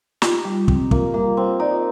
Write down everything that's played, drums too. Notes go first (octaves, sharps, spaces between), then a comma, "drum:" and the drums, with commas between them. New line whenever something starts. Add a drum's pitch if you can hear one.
D#4 F4 G4, drum: snare
G3
C4, drum: kick
A#3 F4, drum: kick
G3 A#3
C4 F4
D#4 D5